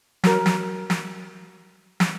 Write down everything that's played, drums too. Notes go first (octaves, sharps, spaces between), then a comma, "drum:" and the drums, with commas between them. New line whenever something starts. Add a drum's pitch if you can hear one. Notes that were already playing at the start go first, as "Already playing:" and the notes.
F#3 A#4, drum: snare
drum: snare
drum: snare
drum: snare